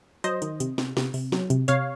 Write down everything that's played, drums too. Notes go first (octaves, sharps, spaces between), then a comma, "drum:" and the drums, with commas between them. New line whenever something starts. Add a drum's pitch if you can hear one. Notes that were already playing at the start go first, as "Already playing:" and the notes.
F#3 C5 D#5, drum: hi-hat
D#3, drum: hi-hat
C3, drum: hi-hat
C3, drum: snare
C3, drum: snare
C3, drum: open hi-hat
F#3, drum: snare
C3, drum: hi-hat
C3 C#5 F5, drum: hi-hat